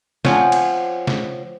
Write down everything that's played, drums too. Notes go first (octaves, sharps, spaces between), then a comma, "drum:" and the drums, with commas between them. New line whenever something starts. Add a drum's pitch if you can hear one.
F3 C4 C#5 F#5 G#5, drum: snare
drum: cymbal
drum: snare